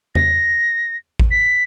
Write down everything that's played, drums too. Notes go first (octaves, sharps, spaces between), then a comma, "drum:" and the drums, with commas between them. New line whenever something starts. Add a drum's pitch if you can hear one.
A#6, drum: tom E2
drum: kick A1
B6